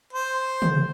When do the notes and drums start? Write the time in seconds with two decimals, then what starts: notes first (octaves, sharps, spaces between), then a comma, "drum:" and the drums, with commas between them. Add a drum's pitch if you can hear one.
0.13 C5
0.62 drum: tom